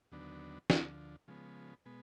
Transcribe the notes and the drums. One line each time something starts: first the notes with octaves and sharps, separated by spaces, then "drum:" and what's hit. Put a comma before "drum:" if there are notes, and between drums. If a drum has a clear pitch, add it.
D#2 D3 F#3 B3 D4
D2 D3 F3, drum: snare
C#3 F3 G#3 B3
B2 G#3 B3